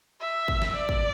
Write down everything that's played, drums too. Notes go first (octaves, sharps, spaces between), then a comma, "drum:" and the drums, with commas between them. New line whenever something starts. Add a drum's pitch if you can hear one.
E5
drum: kick
drum: snare
D5
drum: kick